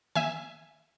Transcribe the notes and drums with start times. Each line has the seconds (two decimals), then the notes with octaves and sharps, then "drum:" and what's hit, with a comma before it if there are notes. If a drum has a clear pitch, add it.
0.15 E5 G#5, drum: tom D#3